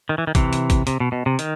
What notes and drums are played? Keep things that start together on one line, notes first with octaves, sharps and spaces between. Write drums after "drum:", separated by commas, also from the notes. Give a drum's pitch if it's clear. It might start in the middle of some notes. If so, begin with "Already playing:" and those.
D#3
E3
D#3
C3 E3, drum: kick, hi-hat
drum: hi-hat
drum: kick, hi-hat
C3, drum: hi-hat
B2
B2
C3
D#3, drum: hi-hat